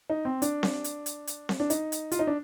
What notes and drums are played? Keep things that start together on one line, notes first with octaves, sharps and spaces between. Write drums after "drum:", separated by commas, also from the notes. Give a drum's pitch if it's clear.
D#4
C4
D4, drum: hi-hat
drum: snare C4
drum: hi-hat
drum: hi-hat
drum: hi-hat
drum: snare C4
D4
D#4, drum: hi-hat
drum: hi-hat
F4, drum: hi-hat
D#4
D4